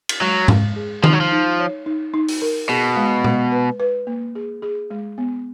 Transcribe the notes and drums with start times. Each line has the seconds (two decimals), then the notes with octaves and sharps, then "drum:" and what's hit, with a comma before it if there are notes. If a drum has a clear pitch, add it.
0.09 drum: cymbal
0.22 F#3 G#3
0.48 G#3, drum: tom G#2
0.76 G#4
1.04 F3 D#4, drum: tom D#3
1.13 F#3
1.20 F3
1.32 D#4
1.59 C#5
1.86 D#4
2.14 D#4
2.28 drum: open hi-hat
2.42 A#4
2.69 B2 G#4
2.96 G#3
3.24 G#3, drum: tom A#2
3.52 B4
3.80 B4
4.07 A#3
4.35 G#4
4.62 G#4
4.90 G#3
5.18 B3